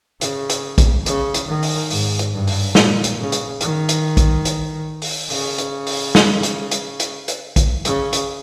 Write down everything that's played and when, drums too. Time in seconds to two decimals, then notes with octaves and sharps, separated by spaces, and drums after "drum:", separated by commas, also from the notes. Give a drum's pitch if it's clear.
0.21 C#3, drum: hi-hat
0.50 drum: hi-hat
0.78 drum: kick, hi-hat
1.06 C#3, drum: hi-hat
1.34 drum: hi-hat
1.48 D#3
1.63 drum: open hi-hat
1.90 G#2, drum: open hi-hat
2.19 drum: hi-hat
2.34 G2
2.47 drum: open hi-hat
2.75 A#2, drum: snare
3.04 drum: hi-hat
3.19 C#3
3.32 drum: hi-hat
3.61 D#3, drum: hi-hat
3.89 drum: hi-hat
4.17 drum: kick, hi-hat
4.45 drum: hi-hat
5.02 drum: open hi-hat
5.30 C#3, drum: open hi-hat
5.58 drum: hi-hat
5.87 drum: open hi-hat
6.15 drum: snare
6.43 drum: hi-hat
6.71 drum: hi-hat
7.00 drum: hi-hat
7.28 drum: hi-hat
7.56 drum: kick, hi-hat
7.85 C#3, drum: hi-hat
8.13 drum: hi-hat